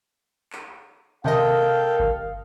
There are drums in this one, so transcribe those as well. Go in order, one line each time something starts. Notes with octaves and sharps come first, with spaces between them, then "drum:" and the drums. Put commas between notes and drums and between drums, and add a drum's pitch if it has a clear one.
drum: clap
C3 A4 A#4 D#5 F5 G5, drum: tom D3
drum: kick G1